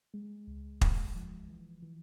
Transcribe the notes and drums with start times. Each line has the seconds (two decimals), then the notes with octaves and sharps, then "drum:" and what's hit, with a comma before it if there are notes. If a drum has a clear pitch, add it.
0.14 G#3
0.47 C#2
0.81 G#3, drum: kick
1.15 F3
1.48 E3
1.82 E3